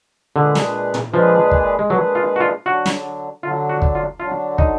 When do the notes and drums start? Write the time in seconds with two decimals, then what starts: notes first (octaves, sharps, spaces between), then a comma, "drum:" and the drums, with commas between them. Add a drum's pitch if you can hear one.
0.36 A#2 D3 G#3 D4 G#4 B4
0.55 drum: snare
0.94 drum: tom
1.13 A#2 F3 G#3 D4 G#4 B4
1.51 drum: kick
1.79 G#3
1.90 A#2 F#3 G#3 D4 G#4 B4
2.15 F4
2.36 F#4
2.40 F4
2.66 D3 F#3 D4 F#4
2.86 drum: snare
3.43 D3 F#3 D4 F4
3.69 F#4
3.82 drum: kick
3.95 F4
4.20 D3 F#3 D4 F4
4.58 D#4, drum: kick